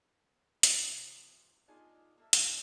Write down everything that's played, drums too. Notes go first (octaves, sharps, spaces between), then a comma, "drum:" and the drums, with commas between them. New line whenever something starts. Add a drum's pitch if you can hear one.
F4, drum: hi-hat
C3 E3 F3
B3 D4 D#4 F4 G#4 A#4
A#3 A4 E5
A2 D4 D#4 G#4 G5 A#5, drum: hi-hat